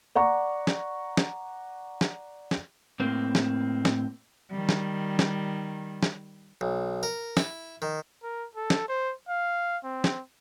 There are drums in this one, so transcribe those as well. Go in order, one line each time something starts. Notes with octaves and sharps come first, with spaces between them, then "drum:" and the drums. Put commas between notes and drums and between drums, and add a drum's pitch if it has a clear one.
D5 F#5 A#5 C#6
drum: snare
drum: snare
drum: snare
drum: snare
A2 A#3 C4
drum: snare
drum: snare
D#3 G3
drum: snare
drum: snare
drum: snare
B1
A#4
E4, drum: snare
D#3
A#4
A4
drum: snare
C5
F5
C4
drum: snare